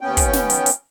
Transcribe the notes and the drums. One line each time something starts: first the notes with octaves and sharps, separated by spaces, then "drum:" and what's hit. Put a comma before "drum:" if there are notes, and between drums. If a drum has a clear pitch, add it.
D#2 B3 C#4 G5
drum: kick, hi-hat
drum: snare
drum: hi-hat
drum: hi-hat